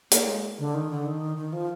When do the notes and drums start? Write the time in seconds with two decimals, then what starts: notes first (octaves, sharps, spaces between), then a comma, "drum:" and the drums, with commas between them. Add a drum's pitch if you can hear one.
0.11 A#3, drum: hi-hat
0.27 G#3
0.59 D3
0.74 D#3
0.91 D3
1.06 D#3
1.37 D#3
1.53 F3